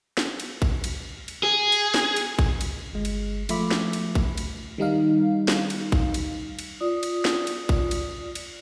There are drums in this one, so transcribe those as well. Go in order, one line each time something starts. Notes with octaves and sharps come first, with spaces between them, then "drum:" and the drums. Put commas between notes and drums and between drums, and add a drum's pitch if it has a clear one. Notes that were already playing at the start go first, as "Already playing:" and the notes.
drum: snare
drum: cymbal
drum: kick A1
drum: cymbal
drum: cymbal
G#4
drum: cymbal
drum: snare
drum: cymbal
drum: kick A1
drum: cymbal
G1 G#3
drum: cymbal
F3 A3 F4 E5 B5 D6, drum: cymbal
drum: snare
drum: cymbal
drum: kick A1
drum: cymbal
D#3 G3 D#4 F5
drum: snare
drum: cymbal
drum: kick A1
drum: cymbal
drum: cymbal
F4 D5 D#6
drum: cymbal
drum: snare
drum: cymbal
drum: kick A1
drum: cymbal
drum: cymbal